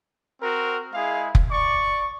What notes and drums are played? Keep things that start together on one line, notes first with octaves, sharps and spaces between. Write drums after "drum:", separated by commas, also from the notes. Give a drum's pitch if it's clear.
C4 F#4 A#4
G#3 E4 G#4 F5
drum: kick F1
D5 C#6